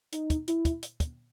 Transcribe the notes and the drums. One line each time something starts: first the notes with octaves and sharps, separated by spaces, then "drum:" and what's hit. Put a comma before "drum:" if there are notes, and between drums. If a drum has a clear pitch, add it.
D#4, drum: hi-hat
drum: kick, hi-hat
E4, drum: hi-hat
drum: kick, hi-hat
drum: hi-hat
drum: kick, hi-hat